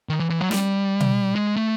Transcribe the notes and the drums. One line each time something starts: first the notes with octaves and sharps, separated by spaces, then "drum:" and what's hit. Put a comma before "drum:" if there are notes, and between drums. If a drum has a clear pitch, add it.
D#3
E3
E3
F#3
G3, drum: snare
drum: tom B2
G#3
A3